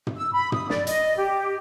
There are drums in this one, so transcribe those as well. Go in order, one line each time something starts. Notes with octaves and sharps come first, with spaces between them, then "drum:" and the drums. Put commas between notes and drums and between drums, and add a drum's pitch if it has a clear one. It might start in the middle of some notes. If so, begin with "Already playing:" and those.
drum: tom
E6
B5
D#6, drum: tom
D5, drum: snare
D#5, drum: hi-hat
G4